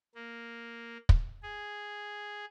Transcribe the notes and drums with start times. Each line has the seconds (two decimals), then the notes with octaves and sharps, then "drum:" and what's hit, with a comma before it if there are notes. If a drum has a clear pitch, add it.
0.15 A#3
1.09 drum: kick
1.43 G#4